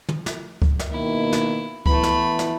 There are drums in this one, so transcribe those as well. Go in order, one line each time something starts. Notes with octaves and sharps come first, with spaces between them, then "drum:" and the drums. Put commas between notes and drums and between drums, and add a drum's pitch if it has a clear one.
drum: tom
drum: snare
drum: kick C#2
drum: snare
B2 D#3 A#3 E4
drum: snare
E3 A3 B3 E4 B5, drum: kick C#2
drum: snare
drum: snare